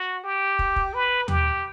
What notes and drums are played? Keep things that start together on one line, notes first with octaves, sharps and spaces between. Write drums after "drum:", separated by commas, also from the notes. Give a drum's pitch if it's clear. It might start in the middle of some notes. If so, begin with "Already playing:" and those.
Already playing: F#4
G4
drum: kick
drum: kick
B4
G4, drum: tom D#2